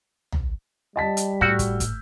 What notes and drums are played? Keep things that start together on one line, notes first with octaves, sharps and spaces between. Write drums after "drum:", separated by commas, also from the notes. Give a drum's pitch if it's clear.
drum: tom
G3 D#5 A5 B6
drum: hi-hat
A2 F#4 E6 F6 G6
drum: kick, hi-hat
drum: kick, hi-hat